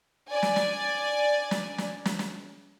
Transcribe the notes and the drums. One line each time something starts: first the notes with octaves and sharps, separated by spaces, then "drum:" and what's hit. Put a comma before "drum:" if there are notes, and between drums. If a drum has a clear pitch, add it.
D5 G#5
drum: snare
drum: snare
drum: snare
drum: snare
drum: snare
drum: snare